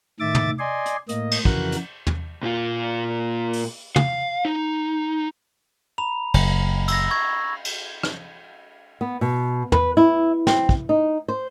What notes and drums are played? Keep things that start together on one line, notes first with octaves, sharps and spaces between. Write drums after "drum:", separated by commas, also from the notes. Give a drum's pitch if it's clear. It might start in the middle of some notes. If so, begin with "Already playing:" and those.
A2 D#3 E5 D6 A6
drum: tom
D5 D#5 G#5 C6
drum: hi-hat
A2 A#3 D#5, drum: hi-hat
drum: cymbal
F2 C#3 E3 F#4 A#4 F#6, drum: kick
drum: hi-hat
drum: tom
A#2 F4
drum: open hi-hat
F5, drum: tom
D#4
A#5 B5 F7
F#1, drum: cymbal
E6 A#6, drum: cymbal
C#6 G#6
drum: cymbal
drum: rim click
B3
B2
B4, drum: tom
E4
C4, drum: snare
drum: kick
D#4
C5